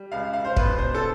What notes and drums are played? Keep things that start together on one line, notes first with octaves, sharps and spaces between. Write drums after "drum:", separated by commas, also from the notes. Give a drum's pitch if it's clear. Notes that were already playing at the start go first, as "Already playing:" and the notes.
Already playing: G3
C#2 F5
F5
C5
B2 B4, drum: kick
C5
A4